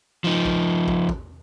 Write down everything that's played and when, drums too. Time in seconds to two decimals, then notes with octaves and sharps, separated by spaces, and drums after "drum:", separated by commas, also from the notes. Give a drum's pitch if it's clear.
0.24 F3 D#4
0.45 drum: kick
0.88 drum: kick
1.09 drum: kick